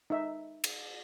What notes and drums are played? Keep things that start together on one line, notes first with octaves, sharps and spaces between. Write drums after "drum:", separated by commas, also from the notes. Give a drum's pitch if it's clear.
D#4 E5
drum: cymbal